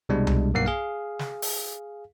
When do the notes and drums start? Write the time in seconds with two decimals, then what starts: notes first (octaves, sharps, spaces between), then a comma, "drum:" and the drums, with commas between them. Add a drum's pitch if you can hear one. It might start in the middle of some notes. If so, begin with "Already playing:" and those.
0.09 C2 B2 G3 G#3 D4
0.27 drum: tom C2
0.54 B1 G2 A#3 F#5 C7
0.66 G#4 F5
1.19 drum: snare
1.42 drum: open hi-hat